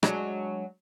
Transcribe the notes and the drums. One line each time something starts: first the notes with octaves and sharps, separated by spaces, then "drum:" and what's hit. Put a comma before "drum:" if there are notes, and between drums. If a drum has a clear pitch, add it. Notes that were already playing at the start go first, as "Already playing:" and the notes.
F#3 G#3 D4, drum: rim click